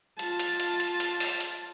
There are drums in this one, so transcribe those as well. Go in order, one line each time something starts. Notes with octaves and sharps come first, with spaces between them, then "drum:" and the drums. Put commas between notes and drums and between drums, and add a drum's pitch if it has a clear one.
F4 A5, drum: hi-hat
drum: hi-hat
drum: hi-hat
drum: hi-hat
drum: hi-hat
drum: open hi-hat
drum: hi-hat